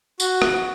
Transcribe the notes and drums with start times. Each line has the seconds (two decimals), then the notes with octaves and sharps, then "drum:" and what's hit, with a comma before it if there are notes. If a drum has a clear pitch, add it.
0.20 F#4, drum: tambourine
0.42 drum: rim click